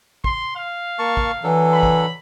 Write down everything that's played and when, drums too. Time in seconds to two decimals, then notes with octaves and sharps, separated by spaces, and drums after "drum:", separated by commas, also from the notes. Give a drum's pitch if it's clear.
0.24 C6, drum: kick
0.56 F5
0.99 A#3 A5 C#6
1.17 drum: kick
1.43 E3 F#3 D4 A4
1.73 B5
1.83 drum: kick